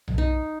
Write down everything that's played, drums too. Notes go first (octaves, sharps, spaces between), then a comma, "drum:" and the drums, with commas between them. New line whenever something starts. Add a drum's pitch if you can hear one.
drum: tom B1
D#4